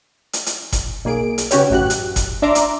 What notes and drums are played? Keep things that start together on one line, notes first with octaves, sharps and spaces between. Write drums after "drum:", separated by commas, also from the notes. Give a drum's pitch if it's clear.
drum: hi-hat
drum: hi-hat
drum: kick F#1, hi-hat
B1 A#3 G#4 D7
drum: hi-hat
C#3 C#4 F#4 G4 B4 C#5, drum: hi-hat
A1 F#2 F#4 G4 F#6
drum: hi-hat
drum: kick F#1, hi-hat
D4 D5 E5 A#5 C6 D6
drum: hi-hat